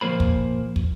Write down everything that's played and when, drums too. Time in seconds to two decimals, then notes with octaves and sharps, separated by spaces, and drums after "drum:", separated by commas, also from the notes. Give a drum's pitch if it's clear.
0.01 A#2 F3 A#3 C5 B5
0.20 drum: kick
0.76 drum: kick